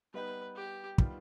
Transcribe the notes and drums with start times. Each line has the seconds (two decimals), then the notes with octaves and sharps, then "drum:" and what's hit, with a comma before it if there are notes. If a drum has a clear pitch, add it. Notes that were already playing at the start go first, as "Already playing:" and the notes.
0.14 G3 B3 D#4 G4 B4
0.56 G4
0.98 D#3 G3 B3 F4, drum: kick